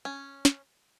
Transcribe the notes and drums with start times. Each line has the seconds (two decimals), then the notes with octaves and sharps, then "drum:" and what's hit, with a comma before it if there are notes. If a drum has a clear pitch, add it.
0.05 C#4
0.45 drum: snare